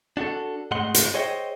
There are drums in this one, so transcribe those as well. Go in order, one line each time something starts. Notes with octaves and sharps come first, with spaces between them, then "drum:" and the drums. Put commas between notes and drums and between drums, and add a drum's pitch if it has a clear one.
D4 F#4 G4 A4
G#2 G#3 A3 D#5 F#5 C6
drum: hi-hat
G#4 C5 C#5 D#5 E5 G5